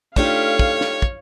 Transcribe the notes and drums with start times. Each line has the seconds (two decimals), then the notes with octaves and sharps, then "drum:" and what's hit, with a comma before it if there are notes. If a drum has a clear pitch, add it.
0.16 A3 D4 D#4 F4 G4 C#5 F5, drum: kick
0.59 drum: kick
0.81 drum: snare
1.02 drum: kick